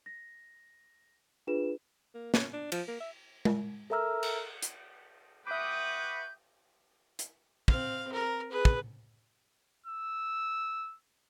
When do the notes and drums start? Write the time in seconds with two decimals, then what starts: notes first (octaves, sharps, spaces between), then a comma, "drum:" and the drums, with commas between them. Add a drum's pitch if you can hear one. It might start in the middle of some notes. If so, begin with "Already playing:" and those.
0.06 A#6
1.47 D4 F4 G#4 B4 E7
2.14 A#3
2.34 C#4, drum: snare
2.53 D4
2.72 F3, drum: cymbal
2.88 A#3
3.01 E5
3.45 drum: tom G#3
3.90 A4 A#4 E5 A#5 E6 F6
4.23 drum: cymbal
4.62 drum: hi-hat
5.47 F#4 B4 E5 G5 D6 D#6 G6
7.19 drum: hi-hat
7.68 C4 F5, drum: kick
8.12 A#4
8.51 G#4 B4
8.65 drum: kick
9.86 E6